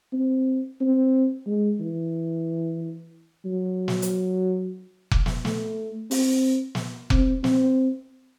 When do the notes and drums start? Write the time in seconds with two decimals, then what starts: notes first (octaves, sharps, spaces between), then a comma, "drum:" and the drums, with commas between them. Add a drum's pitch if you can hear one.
0.13 C4
0.80 C4
1.46 G#3
1.80 E3
3.45 F#3
3.88 drum: snare
4.02 drum: hi-hat
5.12 drum: kick F1
5.26 drum: snare
5.45 A3, drum: snare
6.11 C4, drum: open hi-hat
6.75 drum: snare
7.10 C4, drum: kick F1
7.44 C4, drum: snare